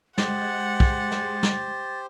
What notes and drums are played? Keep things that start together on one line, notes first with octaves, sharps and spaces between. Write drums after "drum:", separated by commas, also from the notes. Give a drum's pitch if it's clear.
G#3 G4 C5 F#5 A6, drum: snare
drum: kick
drum: snare
drum: snare